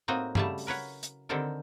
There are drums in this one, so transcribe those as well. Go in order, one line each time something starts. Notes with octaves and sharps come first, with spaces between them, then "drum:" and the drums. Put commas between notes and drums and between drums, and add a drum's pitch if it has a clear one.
A2 A#3 C4 D#4 F#4 D#5
C#3 F#3 G3 A3 E4 A5, drum: tom
drum: open hi-hat
A#4 B4 C#5 F#5
drum: hi-hat
D3 D#3 G3 C4 A4 A#4